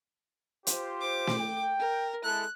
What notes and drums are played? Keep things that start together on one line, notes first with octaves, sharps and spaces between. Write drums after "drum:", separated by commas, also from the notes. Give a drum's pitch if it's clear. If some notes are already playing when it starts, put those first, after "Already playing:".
F4 G4 C5, drum: hi-hat
D6
drum: snare
G5
A#4
G#3 E4 A4 F#6